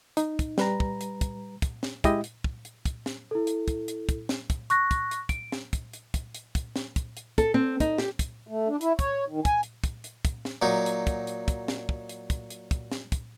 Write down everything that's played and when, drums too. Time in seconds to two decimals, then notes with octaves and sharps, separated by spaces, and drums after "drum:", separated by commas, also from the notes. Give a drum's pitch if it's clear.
0.17 D#4, drum: hi-hat
0.39 drum: kick, hi-hat
0.58 G3 B4 A#5, drum: snare
0.80 drum: kick
1.01 drum: hi-hat
1.21 drum: kick, hi-hat
1.62 drum: kick, hi-hat
1.83 drum: snare
2.04 G#3 E4 G4 D#5, drum: kick, hi-hat
2.24 drum: hi-hat
2.44 drum: kick
2.65 drum: hi-hat
2.85 drum: kick, hi-hat
3.06 drum: snare
3.31 E4 A4
3.47 drum: hi-hat
3.68 drum: kick, hi-hat
3.88 drum: hi-hat
4.09 drum: kick, hi-hat
4.29 drum: snare
4.50 drum: kick, hi-hat
4.70 C#6 F#6 A#6, drum: hi-hat
4.91 drum: kick, hi-hat
5.11 drum: hi-hat
5.29 D7, drum: kick, hi-hat
5.52 drum: snare
5.73 drum: kick, hi-hat
5.93 drum: hi-hat
6.14 drum: kick, hi-hat
6.35 drum: hi-hat
6.55 drum: kick, hi-hat
6.76 drum: snare
6.96 drum: kick, hi-hat
7.17 drum: hi-hat
7.38 A4, drum: kick, hi-hat
7.54 C4
7.80 D#4, drum: kick, hi-hat
7.98 G4, drum: snare
8.19 drum: kick, hi-hat
8.47 A3
8.68 D4
8.81 E4, drum: hi-hat
8.99 C#5, drum: kick, hi-hat
9.28 D#3
9.45 G#5, drum: kick, hi-hat
9.63 drum: hi-hat
9.84 drum: kick, hi-hat
10.04 drum: hi-hat
10.25 drum: kick, hi-hat
10.45 drum: snare
10.62 A#2 F#3 D#4
10.86 drum: hi-hat
11.07 drum: kick, hi-hat
11.27 drum: hi-hat
11.48 drum: kick, hi-hat
11.68 drum: snare
11.89 drum: kick
12.09 drum: hi-hat
12.30 drum: kick, hi-hat
12.50 drum: hi-hat
12.71 drum: kick, hi-hat
12.92 drum: snare
13.12 drum: kick, hi-hat